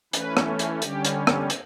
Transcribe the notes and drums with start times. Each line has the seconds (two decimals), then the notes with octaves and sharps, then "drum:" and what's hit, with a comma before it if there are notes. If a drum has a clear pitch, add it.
0.13 E3 A3 C#4 B4, drum: hi-hat
0.37 drum: rim click
0.59 drum: hi-hat
0.82 D3 G3 C#4 G4, drum: hi-hat
1.05 drum: hi-hat
1.27 drum: rim click
1.50 drum: hi-hat